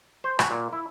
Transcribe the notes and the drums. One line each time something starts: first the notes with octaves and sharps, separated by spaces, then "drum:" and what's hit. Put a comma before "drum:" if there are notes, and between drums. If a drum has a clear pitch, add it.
C5
F#4, drum: rim click
A#2
E4